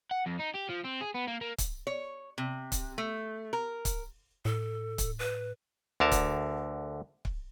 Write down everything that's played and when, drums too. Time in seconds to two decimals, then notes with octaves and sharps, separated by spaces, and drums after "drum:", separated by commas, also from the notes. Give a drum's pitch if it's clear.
0.11 F#5
0.26 F2
0.40 D#4
0.55 G4
0.70 F3
0.85 C4
1.01 G#4
1.15 B3
1.28 A#3
1.41 A#3
1.58 drum: kick C#1, hi-hat
1.87 C#5
2.38 C3
2.72 drum: kick C#1, hi-hat
2.98 A3
3.53 A#4
3.85 drum: kick C#1, hi-hat
4.45 A2 A4
4.98 drum: kick C#1, hi-hat
5.19 B4
6.00 D2 D3 A#4 A5
6.12 drum: kick C#1, hi-hat
7.25 drum: kick C#1